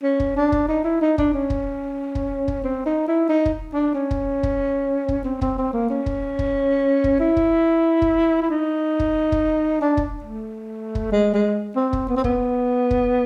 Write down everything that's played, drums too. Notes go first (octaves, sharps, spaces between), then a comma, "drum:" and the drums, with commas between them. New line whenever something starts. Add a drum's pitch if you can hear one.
C#4
drum: kick
D4
drum: kick
D#4
E4
D#4
D4, drum: kick
C#4
drum: kick
drum: kick
drum: kick
C4
D#4
E4
D#4
drum: kick
D4
C#4
drum: kick
drum: kick
drum: kick
C4
C4, drum: kick
C4
A#3
C#4
drum: kick
drum: kick
drum: kick
E4
drum: kick
drum: kick
E4
D#4
drum: kick
drum: kick
D4
drum: kick
A3
drum: kick
G#3
G#3
C4
drum: kick
B3
C4
B3, drum: kick
drum: kick